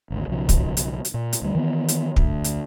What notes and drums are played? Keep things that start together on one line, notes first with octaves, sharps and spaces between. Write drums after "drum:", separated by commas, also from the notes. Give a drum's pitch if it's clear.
G#1 D2
B1 C#3 F3
drum: kick, hi-hat
drum: hi-hat
drum: hi-hat
A#2
drum: hi-hat
D2 G3
D#3 E3 G#3 B3
drum: hi-hat
D2, drum: kick
drum: hi-hat